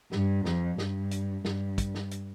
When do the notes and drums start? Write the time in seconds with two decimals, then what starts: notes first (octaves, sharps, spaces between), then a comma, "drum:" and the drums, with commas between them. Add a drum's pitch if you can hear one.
0.12 G2, drum: snare
0.45 F2, drum: snare
0.78 G2, drum: snare
1.11 drum: hi-hat
1.45 G2, drum: snare
1.78 drum: kick, hi-hat
1.95 drum: snare
2.11 drum: hi-hat